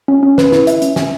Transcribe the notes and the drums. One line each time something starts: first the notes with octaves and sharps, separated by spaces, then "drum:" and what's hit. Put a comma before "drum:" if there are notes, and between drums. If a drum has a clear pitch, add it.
C#4
C#4
B4, drum: snare
E4, drum: snare
E5, drum: hi-hat
C#4, drum: hi-hat
G#5, drum: snare